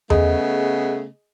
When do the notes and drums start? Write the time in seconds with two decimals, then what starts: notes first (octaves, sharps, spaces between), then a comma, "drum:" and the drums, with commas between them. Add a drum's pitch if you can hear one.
0.10 C#3 A3 B3 G#4 D#5, drum: tom E2